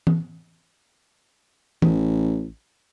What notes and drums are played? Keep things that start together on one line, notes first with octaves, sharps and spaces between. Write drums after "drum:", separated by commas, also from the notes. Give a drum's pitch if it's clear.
drum: tom E3
A1, drum: tom E3